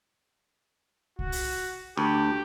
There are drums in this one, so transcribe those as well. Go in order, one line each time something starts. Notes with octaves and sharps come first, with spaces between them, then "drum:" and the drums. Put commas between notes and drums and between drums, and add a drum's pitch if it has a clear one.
F#4, drum: kick C2
drum: open hi-hat
D2 G4